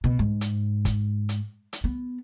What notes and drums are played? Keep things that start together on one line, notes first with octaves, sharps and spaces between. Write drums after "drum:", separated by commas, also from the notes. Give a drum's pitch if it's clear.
B2
G#2
drum: hi-hat
drum: kick, hi-hat
drum: hi-hat
drum: hi-hat
B3